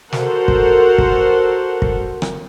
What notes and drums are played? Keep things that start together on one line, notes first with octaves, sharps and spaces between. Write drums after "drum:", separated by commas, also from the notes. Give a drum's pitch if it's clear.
F#4 A4 A#4 C5 F#5, drum: snare
drum: kick
drum: kick
drum: kick
drum: rim click